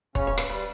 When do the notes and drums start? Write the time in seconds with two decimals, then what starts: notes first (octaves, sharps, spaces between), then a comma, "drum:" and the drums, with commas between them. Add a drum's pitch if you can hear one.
0.15 C#3 C#4 C#5, drum: kick E1
0.27 C#5
0.38 B4, drum: rim click
0.50 G3 B4